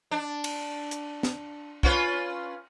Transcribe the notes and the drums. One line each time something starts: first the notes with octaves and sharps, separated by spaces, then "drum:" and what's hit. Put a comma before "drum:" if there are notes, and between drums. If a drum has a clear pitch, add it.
D4
drum: cymbal
drum: hi-hat
drum: snare
C#4 F4 B4, drum: kick